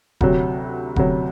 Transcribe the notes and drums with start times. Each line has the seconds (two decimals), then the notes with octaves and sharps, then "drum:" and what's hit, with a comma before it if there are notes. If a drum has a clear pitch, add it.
0.21 D2 C3 F#3, drum: kick E1
0.96 D2 C3 F#3, drum: kick E1